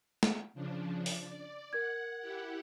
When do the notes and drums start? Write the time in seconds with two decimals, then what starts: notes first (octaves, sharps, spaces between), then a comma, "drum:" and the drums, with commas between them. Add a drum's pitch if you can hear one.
0.23 drum: snare
0.54 C#3 F3 D4
1.06 drum: open hi-hat
1.22 D5
1.73 A#4 F#5 G#6
2.19 E4 G4 F#5